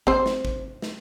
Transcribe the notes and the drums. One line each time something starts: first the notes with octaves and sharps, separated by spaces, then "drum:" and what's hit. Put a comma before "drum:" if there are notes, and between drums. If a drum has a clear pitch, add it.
C4 C5, drum: kick
drum: snare
drum: kick
drum: snare